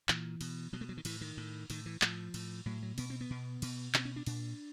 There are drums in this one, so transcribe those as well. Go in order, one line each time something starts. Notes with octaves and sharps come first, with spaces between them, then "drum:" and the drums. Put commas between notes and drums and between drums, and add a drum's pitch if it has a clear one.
A#2 E3, drum: clap
B2, drum: cymbal
B2 F#3
A3
F#3
D#3
A2 E3, drum: cymbal
D#3
A2
A2 D#3, drum: cymbal
E3
A2 F3, drum: clap
A2, drum: cymbal
A2 F#3
F#3
B2 B3, drum: cymbal
C4
B3
B2
B2, drum: cymbal
B2 C4, drum: clap
C#4
D4
A#2 D4, drum: cymbal